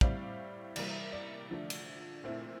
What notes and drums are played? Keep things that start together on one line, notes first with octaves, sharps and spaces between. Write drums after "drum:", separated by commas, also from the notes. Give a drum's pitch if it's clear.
A2 G3 C4 D5 F5, drum: kick
C3 E3 G3 A#3 D5, drum: cymbal
D5
D3 F3 A3
drum: cymbal
A#2 A3 C4 E4